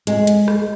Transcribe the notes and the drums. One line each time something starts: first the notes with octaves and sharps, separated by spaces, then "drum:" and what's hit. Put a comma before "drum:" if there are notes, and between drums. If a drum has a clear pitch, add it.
G#3, drum: hi-hat
drum: hi-hat
drum: rim click